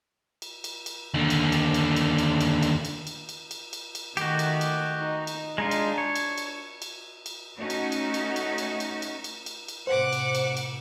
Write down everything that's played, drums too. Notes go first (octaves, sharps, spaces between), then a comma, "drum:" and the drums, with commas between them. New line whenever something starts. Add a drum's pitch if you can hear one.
drum: cymbal
drum: cymbal
drum: cymbal
D#2 D3
drum: cymbal
drum: cymbal
drum: cymbal
drum: cymbal
drum: cymbal
drum: cymbal
drum: cymbal
drum: cymbal
drum: cymbal
drum: cymbal
drum: cymbal
drum: cymbal
drum: cymbal
D#3 A3 F#4 G4, drum: cymbal
drum: cymbal
drum: cymbal
D#4
drum: cymbal
G#3 D4 D#4 F4
drum: cymbal
C#5
drum: cymbal
drum: cymbal
drum: cymbal
drum: cymbal
A3 C#4 D#4 F#4
drum: cymbal
drum: cymbal
drum: cymbal
drum: cymbal
drum: cymbal
drum: cymbal
drum: cymbal
drum: cymbal
drum: cymbal
drum: cymbal
A2 C3 C5 F#5 D6
drum: cymbal
drum: cymbal
drum: cymbal